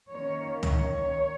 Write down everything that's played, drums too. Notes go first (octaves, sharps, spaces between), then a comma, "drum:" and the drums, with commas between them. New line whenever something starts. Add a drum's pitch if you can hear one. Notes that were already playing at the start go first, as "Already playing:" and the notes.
D#3 A#3 C#4 C#5
C#5, drum: tom